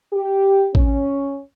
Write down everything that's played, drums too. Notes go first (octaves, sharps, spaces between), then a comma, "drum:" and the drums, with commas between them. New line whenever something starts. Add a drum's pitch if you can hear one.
G4
C#4, drum: kick A1